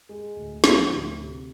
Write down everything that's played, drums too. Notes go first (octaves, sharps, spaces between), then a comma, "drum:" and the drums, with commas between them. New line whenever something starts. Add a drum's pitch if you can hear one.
G#3
D2
F3, drum: snare
D2
C3